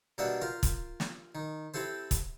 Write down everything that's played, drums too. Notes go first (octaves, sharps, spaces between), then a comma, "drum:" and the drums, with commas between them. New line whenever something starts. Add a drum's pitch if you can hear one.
B2 G3 A#3 B3 D4 E5
F4 A#4 C5
drum: kick, hi-hat
drum: snare
D#3
C4 E4 G4 A4 C5
drum: kick, hi-hat